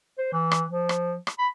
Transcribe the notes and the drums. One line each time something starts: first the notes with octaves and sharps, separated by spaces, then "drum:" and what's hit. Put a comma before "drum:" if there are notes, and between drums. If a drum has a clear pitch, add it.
C5
E3
drum: rim click
F3
drum: rim click
drum: rim click
B5